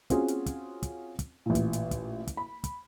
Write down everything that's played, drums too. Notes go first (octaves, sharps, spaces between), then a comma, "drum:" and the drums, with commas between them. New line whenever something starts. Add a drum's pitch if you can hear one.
C4 C#4 F4 F#4 G#4, drum: kick, hi-hat
drum: hi-hat
drum: kick, hi-hat
drum: kick, hi-hat
drum: kick, hi-hat
A1 A#2
drum: kick, hi-hat
drum: hi-hat
drum: kick, hi-hat
drum: kick, hi-hat
B5
drum: kick, hi-hat